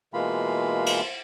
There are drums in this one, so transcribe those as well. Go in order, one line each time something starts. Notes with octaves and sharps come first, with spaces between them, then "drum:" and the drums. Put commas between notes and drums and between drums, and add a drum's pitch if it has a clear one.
B2 E3 G#3 A#3 F4 B5
drum: cymbal